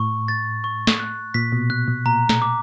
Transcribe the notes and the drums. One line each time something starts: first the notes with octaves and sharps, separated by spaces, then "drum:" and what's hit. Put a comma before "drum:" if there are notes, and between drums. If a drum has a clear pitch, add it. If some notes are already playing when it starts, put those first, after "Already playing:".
Already playing: A2 C#6
A6
C#6
drum: snare
F#6
A#2 B6
B2
B2 F#6
B2
A#2 A#5
drum: snare
D6